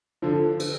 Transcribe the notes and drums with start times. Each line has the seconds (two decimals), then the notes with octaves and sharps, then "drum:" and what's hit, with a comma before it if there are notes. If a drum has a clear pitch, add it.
0.22 D3 F3
0.60 drum: cymbal